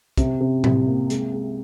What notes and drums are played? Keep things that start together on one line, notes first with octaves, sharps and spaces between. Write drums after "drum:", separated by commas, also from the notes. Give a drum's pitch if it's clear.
C3, drum: kick, hi-hat
C3
C2, drum: tom A2
A#3
G#3, drum: hi-hat
G#3